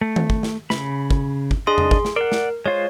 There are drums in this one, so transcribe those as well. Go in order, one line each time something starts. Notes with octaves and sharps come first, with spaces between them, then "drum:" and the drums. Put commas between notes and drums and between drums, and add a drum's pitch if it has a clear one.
A3
drum: tom D#3
drum: kick
drum: snare
C#3 A3 B5, drum: snare
drum: kick
drum: kick
D4 G#4 D#5 C6
drum: tom E2
drum: kick
drum: snare
A#4 D5 F#5
drum: snare
G#3 F4 C5 C#5